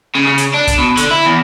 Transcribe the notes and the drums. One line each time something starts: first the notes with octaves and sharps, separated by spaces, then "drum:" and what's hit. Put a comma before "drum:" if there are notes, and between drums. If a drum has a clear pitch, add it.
C#3
C#3
drum: hi-hat
D4
drum: kick, hi-hat
B2
D3, drum: hi-hat
E4
E2